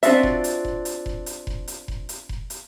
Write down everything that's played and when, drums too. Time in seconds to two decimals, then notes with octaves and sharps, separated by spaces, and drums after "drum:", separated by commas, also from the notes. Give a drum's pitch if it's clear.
0.03 C4 D4 F4 F#4 E5, drum: hi-hat
0.23 drum: kick F1
0.44 drum: hi-hat
0.65 drum: kick F1
0.85 drum: hi-hat
1.06 drum: kick F1
1.26 drum: hi-hat
1.47 drum: kick F1
1.68 drum: hi-hat
1.88 drum: kick F1
2.09 drum: hi-hat
2.29 drum: kick F1
2.50 drum: hi-hat